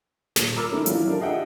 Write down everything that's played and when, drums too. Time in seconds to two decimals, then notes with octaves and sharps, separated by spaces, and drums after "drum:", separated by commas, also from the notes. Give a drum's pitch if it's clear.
0.36 D#1, drum: snare
0.56 A#4 A#5 B5 D6 E6 F6
0.71 D#3 A3 C#4
0.86 E3 F#3 D4 E4 F4 G4, drum: hi-hat
1.06 D4 F4 A4 A#4
1.20 G4 G#4 D#5 E5 F#5 G5